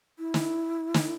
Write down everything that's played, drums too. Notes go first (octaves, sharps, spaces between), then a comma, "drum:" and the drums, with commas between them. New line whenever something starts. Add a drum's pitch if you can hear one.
E4
drum: snare
drum: snare